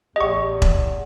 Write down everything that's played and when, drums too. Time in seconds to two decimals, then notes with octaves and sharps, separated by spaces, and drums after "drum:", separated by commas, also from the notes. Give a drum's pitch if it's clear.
0.16 A1 E2 G4 D#5 C#6
0.62 drum: kick E1